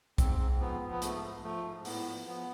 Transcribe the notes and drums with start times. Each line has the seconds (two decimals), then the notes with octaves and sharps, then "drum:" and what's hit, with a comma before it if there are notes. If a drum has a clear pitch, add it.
0.18 G#2 C4, drum: kick B1, hi-hat
0.39 G#2
0.60 F3 B3
0.81 F3
0.91 B3
1.02 G#2 A3, drum: hi-hat
1.23 F3
1.43 F3 A3
1.64 G#2
1.85 A2 B3, drum: open hi-hat
2.06 F3
2.26 F3 B3